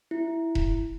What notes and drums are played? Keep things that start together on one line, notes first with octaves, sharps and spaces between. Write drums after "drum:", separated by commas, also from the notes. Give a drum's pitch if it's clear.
E4
drum: kick E1